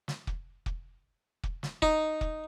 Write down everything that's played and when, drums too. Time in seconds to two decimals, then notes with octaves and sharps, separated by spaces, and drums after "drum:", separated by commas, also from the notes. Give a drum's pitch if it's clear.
0.08 drum: snare
0.27 drum: kick
0.66 drum: kick
1.43 drum: kick
1.63 drum: snare
1.82 D#4, drum: kick
2.21 drum: kick